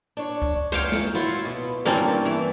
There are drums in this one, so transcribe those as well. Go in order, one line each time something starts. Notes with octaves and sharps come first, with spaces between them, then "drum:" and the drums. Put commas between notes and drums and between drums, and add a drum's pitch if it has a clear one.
D4 C#5
drum: kick C#2
F#2 C5 C#5 F5 G5
drum: snare
F#3 E4 F4
B2
E2 G2 G3 A#3 C4 C#4 A5
E3